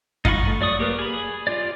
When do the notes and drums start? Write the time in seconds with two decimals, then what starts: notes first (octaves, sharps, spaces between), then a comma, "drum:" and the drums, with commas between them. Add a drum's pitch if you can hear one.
0.25 D#4 F4 F#5 B5 C#6, drum: kick F#2
0.47 A3
0.61 F#3 D5 C#6 D#6
0.79 A#3 G4 A#4 B4
0.99 G#4 B5
1.47 F4 G4 D5